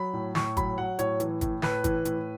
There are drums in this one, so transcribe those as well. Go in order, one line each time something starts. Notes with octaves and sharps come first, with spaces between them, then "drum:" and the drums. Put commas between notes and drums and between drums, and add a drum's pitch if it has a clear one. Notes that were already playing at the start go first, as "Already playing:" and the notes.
Already playing: F#3 B5
A2
A2 C#6, drum: snare
F#3 B5, drum: kick, hi-hat
F#3 F#5
A2 C#5, drum: hi-hat
E3, drum: hi-hat
A2, drum: kick, hi-hat
A2 B4, drum: snare
E3, drum: kick, hi-hat
A2, drum: hi-hat